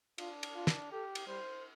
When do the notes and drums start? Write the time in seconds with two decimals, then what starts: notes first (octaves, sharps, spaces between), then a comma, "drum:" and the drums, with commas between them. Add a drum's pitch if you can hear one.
0.18 D4 F4, drum: cymbal
0.43 drum: cymbal
0.55 F4
0.67 drum: snare
0.92 G4 A4
1.15 drum: cymbal
1.27 G3 C5